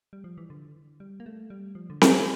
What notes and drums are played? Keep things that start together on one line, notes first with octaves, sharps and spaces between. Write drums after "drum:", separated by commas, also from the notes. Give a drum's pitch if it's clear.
G3
F3
E3
D3
G3
A#3
A3
G3
F3
D3
E3, drum: snare C4